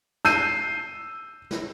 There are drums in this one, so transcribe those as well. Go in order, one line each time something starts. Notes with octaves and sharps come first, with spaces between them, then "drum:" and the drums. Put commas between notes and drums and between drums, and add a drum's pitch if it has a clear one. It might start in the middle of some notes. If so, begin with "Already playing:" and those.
E6 G6 C7 D#7, drum: snare
drum: snare